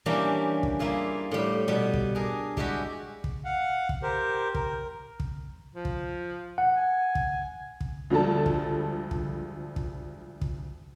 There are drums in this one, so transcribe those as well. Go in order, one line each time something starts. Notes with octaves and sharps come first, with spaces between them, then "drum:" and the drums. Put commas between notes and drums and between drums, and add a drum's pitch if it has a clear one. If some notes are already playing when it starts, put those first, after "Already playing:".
E3 G3 A#3 C#4 D4 G4
drum: kick
G3 A#3 E4 F4 G#4
A2 G3
B2 G3
drum: kick
D4 G#4 A#4
G3 G#3 E4 F#4 G4, drum: kick
drum: kick
F5 F#5
drum: kick
G4 A#4 C5
A#4, drum: kick
drum: kick
F3
drum: kick
F#5
G#5
drum: kick
drum: kick
D2 F3 G3 G#3 A4 A5
drum: kick
drum: kick
drum: kick
drum: kick